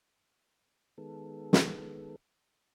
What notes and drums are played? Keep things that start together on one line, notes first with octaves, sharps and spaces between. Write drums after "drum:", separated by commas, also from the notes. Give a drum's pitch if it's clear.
D#3 G#3 B3 A4
drum: snare